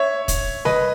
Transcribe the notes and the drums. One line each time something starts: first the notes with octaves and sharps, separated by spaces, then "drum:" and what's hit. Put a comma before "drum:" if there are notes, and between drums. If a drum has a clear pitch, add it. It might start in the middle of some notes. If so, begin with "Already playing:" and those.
Already playing: C#5 E5
drum: kick, hi-hat
B4 D#5, drum: snare G3